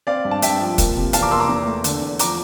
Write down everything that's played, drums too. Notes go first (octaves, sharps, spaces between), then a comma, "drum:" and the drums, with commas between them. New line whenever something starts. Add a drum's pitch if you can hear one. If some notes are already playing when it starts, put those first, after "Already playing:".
C4 D5 F5
G2
A5
G2 E5 G5, drum: hi-hat
F3
A#3, drum: kick, hi-hat
C3
E2 F5 A5, drum: hi-hat
A#5 D6
A#3 C6 E6
A#5 D6
E2
A3
D3, drum: hi-hat
E2
F3 A#5 D6, drum: hi-hat